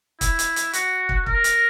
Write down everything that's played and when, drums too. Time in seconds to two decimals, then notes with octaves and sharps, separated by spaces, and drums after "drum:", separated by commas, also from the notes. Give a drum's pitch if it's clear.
0.21 E4, drum: kick, hi-hat
0.39 drum: hi-hat
0.56 drum: hi-hat
0.73 F#4, drum: hi-hat
1.09 drum: kick
1.26 A#4, drum: kick
1.44 drum: hi-hat